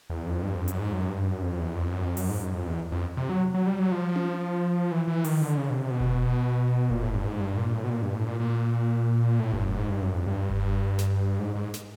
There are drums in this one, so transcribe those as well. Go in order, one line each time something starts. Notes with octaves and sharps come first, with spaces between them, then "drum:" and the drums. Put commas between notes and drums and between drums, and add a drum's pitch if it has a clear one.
E2
F2
G2
F2
F#2, drum: hi-hat
G#2
F#2
G2
F#2
F2
E2
F2
F#2
F2
F#2, drum: open hi-hat
G#2
F#2
F2
E2
F2
C3
F#3
F#3
G3
F#3
F3
drum: tom C#4
E3
E3
D#3, drum: open hi-hat
D3
C#3
B2
C3
B2
drum: kick F1
A#2, drum: kick F1
A2
G2
G#2
G2
A#2
A2
B2
A#2
G2
A2
A#2
A#2
A2
G2, drum: kick F1
F#2
G#2
G2
F#2
F2
G2
drum: kick F1
drum: snare
G#2
G#2
drum: snare